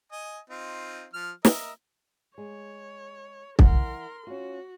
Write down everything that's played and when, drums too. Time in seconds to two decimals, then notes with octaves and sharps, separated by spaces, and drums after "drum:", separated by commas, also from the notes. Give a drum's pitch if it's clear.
0.12 D#5 G#5
0.50 C4 D#4 F4
1.14 F3 F6
1.45 A#4 D#5 E5, drum: snare
2.38 G#3 C#5
3.59 E3 A#4 F#5 C6, drum: kick
4.27 C#4 F4 F#4